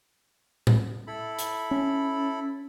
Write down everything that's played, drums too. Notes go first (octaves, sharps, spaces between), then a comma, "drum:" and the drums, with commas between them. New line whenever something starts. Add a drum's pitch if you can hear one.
drum: tom A2
E4 A4 B5
drum: hi-hat
C#4